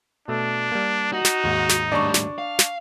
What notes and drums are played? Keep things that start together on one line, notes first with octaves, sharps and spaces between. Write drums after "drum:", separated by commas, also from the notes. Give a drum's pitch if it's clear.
B2 A3 D4
G3 A#3
D#4 F#4
drum: snare
D#2 G#2
drum: snare
A2 G3 D4 C#6
drum: snare
F5
drum: snare